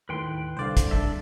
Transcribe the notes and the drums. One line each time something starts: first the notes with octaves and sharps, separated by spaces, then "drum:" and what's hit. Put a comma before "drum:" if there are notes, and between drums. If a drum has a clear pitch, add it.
D#2 A2 B4 G5 C6
C2 D3 C5 D5 F5
drum: kick, hi-hat
D4 A4 E5